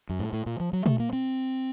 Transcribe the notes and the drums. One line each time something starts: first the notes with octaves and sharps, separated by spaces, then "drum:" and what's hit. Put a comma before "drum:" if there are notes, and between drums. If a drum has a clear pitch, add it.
F#2
A2
A2
A#2
F3
F#3
A3, drum: tom A#2
A#3
C4